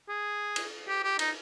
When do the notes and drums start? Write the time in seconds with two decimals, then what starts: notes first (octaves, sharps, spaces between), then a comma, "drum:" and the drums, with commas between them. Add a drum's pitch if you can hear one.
0.08 G#4
0.56 drum: cymbal
0.88 G4
1.03 G4
1.19 D#4, drum: cymbal